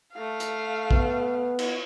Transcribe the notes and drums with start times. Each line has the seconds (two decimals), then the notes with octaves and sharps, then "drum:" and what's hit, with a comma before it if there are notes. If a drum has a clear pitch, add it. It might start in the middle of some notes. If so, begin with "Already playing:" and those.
0.13 A3 F5
0.40 drum: hi-hat
0.91 B3, drum: kick A#1
1.59 drum: cymbal